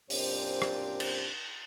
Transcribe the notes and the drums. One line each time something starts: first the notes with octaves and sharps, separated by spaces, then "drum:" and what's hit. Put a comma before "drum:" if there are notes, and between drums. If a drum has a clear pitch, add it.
F#2 A#2 C4 D4 G4 C5, drum: open hi-hat
drum: rim click
drum: cymbal